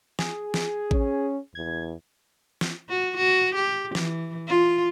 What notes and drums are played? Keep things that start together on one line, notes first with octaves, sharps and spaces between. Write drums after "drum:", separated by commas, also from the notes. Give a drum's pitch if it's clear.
G#4, drum: snare
drum: snare
C#4, drum: kick A1
E2 G#6
drum: snare
F#4
F#4
G4
E3, drum: snare
F4